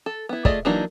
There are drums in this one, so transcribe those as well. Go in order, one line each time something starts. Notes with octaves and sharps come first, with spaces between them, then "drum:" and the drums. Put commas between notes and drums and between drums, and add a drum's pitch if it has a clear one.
A4
B3 E4
A3 F4 G#4 D5 D#5, drum: kick
E3 F#3 A#3 D4 D#4